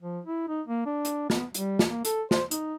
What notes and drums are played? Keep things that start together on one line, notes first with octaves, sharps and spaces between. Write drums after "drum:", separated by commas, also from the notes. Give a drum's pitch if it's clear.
F3
E4
D#4
A#3
D4
drum: hi-hat
B3, drum: snare
G3, drum: hi-hat
drum: snare
A#3
A4, drum: hi-hat
C5, drum: snare
D#4, drum: hi-hat